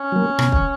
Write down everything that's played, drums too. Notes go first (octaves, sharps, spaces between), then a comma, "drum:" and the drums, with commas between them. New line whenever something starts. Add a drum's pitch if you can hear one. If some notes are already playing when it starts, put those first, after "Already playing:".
Already playing: C#4
F#3 A#3
B2, drum: rim click
drum: kick